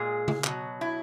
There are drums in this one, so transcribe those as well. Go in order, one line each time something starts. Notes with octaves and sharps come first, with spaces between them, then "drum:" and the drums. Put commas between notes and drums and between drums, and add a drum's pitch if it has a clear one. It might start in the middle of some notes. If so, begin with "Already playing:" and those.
Already playing: A#2 G#3 G#4
drum: tom C#3
B2 F#3, drum: clap
E4